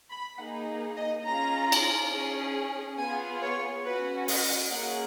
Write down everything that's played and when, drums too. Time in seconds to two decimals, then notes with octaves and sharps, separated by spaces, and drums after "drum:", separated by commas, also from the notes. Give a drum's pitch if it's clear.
0.10 B5
0.38 A#3 D#4 G#4 F#5
0.96 D#5
1.25 C#4 F4 G#4 A#5
1.72 drum: cymbal
2.12 C#4 G#4
2.98 B3 F4 G#4 G#5
3.42 C#5
3.84 C#4 F#4 B4
4.28 D#5, drum: open hi-hat
4.71 A#3 C#4 G#4 F#5